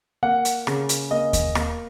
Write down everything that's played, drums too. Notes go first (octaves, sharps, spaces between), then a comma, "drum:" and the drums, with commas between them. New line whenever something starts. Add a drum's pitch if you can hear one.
A#3 F#5
drum: hi-hat
C#3, drum: rim click
drum: hi-hat
A#3 D#5
drum: kick D#2, hi-hat
A#3, drum: rim click